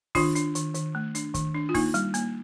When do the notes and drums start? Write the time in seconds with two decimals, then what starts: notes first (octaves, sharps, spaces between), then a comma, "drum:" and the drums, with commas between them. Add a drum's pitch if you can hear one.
0.15 D#3 D4 F4, drum: kick, open hi-hat
0.35 D4, drum: hi-hat
0.55 D#3, drum: hi-hat
0.74 D#3, drum: hi-hat
0.95 A3
1.15 D4, drum: hi-hat
1.34 D#3, drum: kick, hi-hat
1.54 D4
1.69 F4
1.74 A#3 D#4, drum: kick, open hi-hat
1.94 G3, drum: hi-hat
2.14 A#3, drum: hi-hat